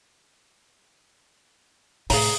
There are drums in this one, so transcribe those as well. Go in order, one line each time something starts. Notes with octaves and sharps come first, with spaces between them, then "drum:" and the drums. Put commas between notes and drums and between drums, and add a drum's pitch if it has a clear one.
A2 C3 G#4 A#5, drum: open hi-hat